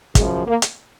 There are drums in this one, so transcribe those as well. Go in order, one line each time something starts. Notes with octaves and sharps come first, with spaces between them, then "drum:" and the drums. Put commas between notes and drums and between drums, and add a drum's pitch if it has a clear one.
F#2 C#3 F3 G#3, drum: kick, hi-hat
A#3
drum: hi-hat